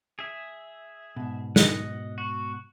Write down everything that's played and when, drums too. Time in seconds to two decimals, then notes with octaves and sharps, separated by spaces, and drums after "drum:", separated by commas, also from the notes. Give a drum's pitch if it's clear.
0.19 G#4 E5
1.16 G#2 B2
1.56 D#5 F#5, drum: snare
2.18 F#4